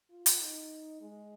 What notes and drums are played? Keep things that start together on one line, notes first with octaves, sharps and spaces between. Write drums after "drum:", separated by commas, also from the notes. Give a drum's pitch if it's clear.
F4
drum: hi-hat
D#4
G#3